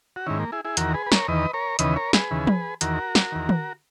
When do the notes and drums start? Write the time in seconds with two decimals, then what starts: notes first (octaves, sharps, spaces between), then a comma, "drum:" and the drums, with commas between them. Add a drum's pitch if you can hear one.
0.16 F#4
0.26 G#2 D#3 C#4 E4
0.39 A#3
0.52 E4 G#4
0.65 E4 G#4
0.77 E2 D#3 F#4 A#4, drum: hi-hat
0.94 G#4 B4
1.06 B4
1.12 A#4 C#5, drum: snare
1.28 E2 D#3 B4 D#5
1.53 A#4 C#5
1.79 D#2 C#3 E3 B4 D#5, drum: hi-hat
1.96 A#4 C#5
2.13 G#4 B4, drum: snare
2.31 D#2 C#3 E3
2.47 drum: tom
2.81 E2 D#3 F#4 A#4, drum: hi-hat
3.15 drum: snare
3.32 E2 D#3
3.49 drum: tom